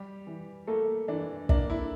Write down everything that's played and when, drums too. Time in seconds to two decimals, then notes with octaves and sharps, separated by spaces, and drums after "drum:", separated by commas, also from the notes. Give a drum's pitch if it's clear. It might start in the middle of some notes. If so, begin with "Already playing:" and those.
Already playing: G3 G4
0.27 E3
0.67 A3 A#3 A4
1.08 E3 D4
1.49 A#3 D4, drum: kick
1.70 E4